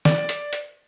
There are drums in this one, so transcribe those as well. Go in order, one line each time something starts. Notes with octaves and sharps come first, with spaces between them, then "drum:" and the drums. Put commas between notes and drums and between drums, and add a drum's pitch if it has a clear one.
D5, drum: snare
drum: hi-hat
drum: hi-hat